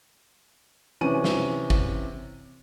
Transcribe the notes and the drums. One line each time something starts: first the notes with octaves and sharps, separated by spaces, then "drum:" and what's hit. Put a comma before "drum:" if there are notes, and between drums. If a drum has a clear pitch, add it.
C3 E3 C#4 D#7
drum: snare
drum: kick